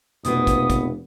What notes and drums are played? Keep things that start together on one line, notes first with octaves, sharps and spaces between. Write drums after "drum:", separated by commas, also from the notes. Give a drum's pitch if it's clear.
F1 B2 A#3 B3 D#6, drum: hi-hat
drum: kick, hi-hat
drum: kick, hi-hat